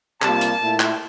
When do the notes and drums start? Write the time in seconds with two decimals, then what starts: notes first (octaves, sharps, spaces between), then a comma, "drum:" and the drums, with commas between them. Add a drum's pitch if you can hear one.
0.22 C3 G3 A#3 F4 A5, drum: clap
0.41 drum: hi-hat
0.61 A#2 A3 E4
0.80 drum: clap